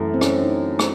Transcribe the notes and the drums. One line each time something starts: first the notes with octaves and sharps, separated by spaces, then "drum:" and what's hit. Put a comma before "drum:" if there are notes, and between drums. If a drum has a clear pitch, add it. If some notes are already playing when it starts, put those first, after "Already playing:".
Already playing: F#2 E3 A3
C4
C#4, drum: rim click
D#4
drum: rim click